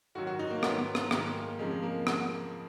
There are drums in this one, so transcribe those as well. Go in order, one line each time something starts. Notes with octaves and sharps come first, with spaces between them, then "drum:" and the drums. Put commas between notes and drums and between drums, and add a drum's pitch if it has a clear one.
G#2 D#3 F#3 F#4
F#4
D#4
A#3
G#2 D#3 F#3 B3, drum: rim click
drum: rim click
G#2 D#3 F#3 G#3, drum: rim click
A#3
F2 C#3 F3 G#3
G#3
A#3
drum: rim click